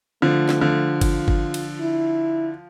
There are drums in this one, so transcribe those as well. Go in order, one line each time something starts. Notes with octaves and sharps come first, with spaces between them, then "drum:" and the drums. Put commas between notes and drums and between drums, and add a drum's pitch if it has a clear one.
D3 F3 A3
drum: snare
D3 F3
F4, drum: kick, cymbal
drum: kick
drum: cymbal
E4